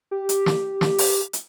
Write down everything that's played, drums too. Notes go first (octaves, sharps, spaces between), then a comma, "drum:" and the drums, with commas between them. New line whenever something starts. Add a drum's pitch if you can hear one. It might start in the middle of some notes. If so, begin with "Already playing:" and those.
G4
drum: hi-hat
drum: snare
drum: snare
drum: open hi-hat
drum: hi-hat